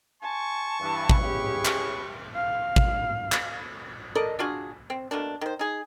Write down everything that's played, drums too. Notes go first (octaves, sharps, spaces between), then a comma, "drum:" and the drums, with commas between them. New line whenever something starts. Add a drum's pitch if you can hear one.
G#5 A5 C6 C#6
G2 E3 E4 B4
drum: kick
C#2 C#4 G4 G#4
drum: clap
F5
drum: kick
drum: clap
A4 A#4 D5 D#5
D4 F4 F#4 G#4
C4
B2 A3 A#3 D4
D#3 C5
D#4 G#4